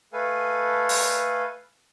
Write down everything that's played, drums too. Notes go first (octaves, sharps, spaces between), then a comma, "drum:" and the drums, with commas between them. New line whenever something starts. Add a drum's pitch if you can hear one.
A3 A4 B4 F5 G#5
drum: open hi-hat